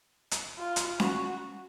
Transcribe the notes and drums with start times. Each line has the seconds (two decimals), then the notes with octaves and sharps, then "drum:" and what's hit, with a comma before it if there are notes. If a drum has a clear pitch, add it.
0.31 drum: hi-hat
0.58 F4
0.76 drum: hi-hat
1.00 F#4, drum: snare C#4